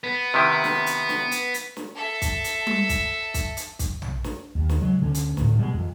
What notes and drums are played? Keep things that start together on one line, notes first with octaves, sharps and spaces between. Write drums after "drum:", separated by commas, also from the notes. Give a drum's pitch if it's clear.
B3
C3 D#3 E4
drum: snare
drum: hi-hat
drum: snare
drum: hi-hat
drum: hi-hat
drum: snare
A4 E5
drum: kick, hi-hat
drum: hi-hat
drum: tom G3
drum: kick, hi-hat
drum: kick, hi-hat
drum: hi-hat
drum: kick, hi-hat
drum: tom A#1
drum: snare
D#2
drum: snare
C#3 F#3 G#3
D2 D3 C#4
drum: hi-hat
D2 A2, drum: snare
B2 G3 G#3
F2 E3